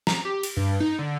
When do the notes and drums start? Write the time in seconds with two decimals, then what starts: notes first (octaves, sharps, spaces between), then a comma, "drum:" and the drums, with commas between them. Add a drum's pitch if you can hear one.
0.07 A#5, drum: snare
0.25 G4
0.43 drum: cymbal
0.57 G2
0.80 D#4
0.99 D3